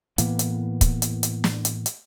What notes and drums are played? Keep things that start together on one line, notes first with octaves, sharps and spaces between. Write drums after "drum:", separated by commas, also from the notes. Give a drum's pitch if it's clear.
A2 E3 A#3 B3, drum: hi-hat
drum: hi-hat
drum: kick, hi-hat
drum: hi-hat
drum: hi-hat
drum: snare
drum: hi-hat
drum: hi-hat